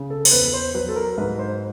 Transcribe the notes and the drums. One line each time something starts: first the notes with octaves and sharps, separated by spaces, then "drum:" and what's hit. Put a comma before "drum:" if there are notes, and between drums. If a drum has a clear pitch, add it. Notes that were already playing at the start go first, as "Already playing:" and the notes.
Already playing: C#3
A4
C5, drum: open hi-hat
E2 B4
C5
F#3 B4
A4
A#4
G#2 B4
C5